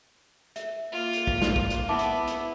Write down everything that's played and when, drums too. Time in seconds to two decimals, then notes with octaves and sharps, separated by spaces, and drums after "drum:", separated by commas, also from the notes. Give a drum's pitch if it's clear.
0.56 E5, drum: hi-hat
0.92 A#3 F4
1.13 drum: hi-hat
1.27 drum: kick
1.42 drum: snare
1.56 drum: kick
1.70 drum: hi-hat
1.89 B3 E4 E5 A5 D6
1.99 drum: hi-hat
2.27 drum: hi-hat